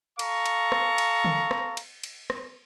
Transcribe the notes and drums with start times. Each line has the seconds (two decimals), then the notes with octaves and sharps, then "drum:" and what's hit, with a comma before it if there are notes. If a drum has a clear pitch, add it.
0.19 A4 F5 A#5 C#6, drum: cymbal
0.46 drum: cymbal
0.72 drum: rim click
0.98 drum: cymbal
1.25 drum: tom D3
1.51 drum: rim click
1.77 drum: cymbal
2.03 drum: cymbal
2.30 drum: rim click